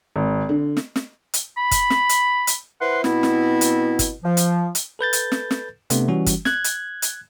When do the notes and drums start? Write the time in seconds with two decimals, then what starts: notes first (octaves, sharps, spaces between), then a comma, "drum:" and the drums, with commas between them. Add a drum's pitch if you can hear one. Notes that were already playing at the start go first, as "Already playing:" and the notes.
0.16 G#1
0.49 D3
0.77 drum: snare
0.96 drum: snare
1.33 drum: hi-hat
1.57 B5
1.71 drum: kick G1, hi-hat
1.90 drum: snare
2.09 drum: hi-hat
2.47 drum: hi-hat
2.81 E4 B4 C5 F#5 C6
3.04 B2 B3 C4 E4, drum: snare
3.23 drum: snare
3.61 drum: hi-hat
3.99 drum: kick G1, hi-hat
4.24 F3
4.37 drum: hi-hat
4.75 drum: hi-hat
4.99 A4 B4 G6 A6
5.13 drum: hi-hat
5.32 drum: snare
5.51 drum: snare
5.90 C3 A3 B3 D4, drum: hi-hat
6.08 E3 G3 C#4 F#4
6.26 drum: kick G1, hi-hat
6.45 F#6 G#6, drum: snare
6.64 drum: hi-hat
7.02 drum: hi-hat